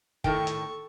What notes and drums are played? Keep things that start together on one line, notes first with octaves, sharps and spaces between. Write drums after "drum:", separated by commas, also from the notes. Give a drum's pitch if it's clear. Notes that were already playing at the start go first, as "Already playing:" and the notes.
A2 D#3 A4 G5 C#6, drum: kick
drum: hi-hat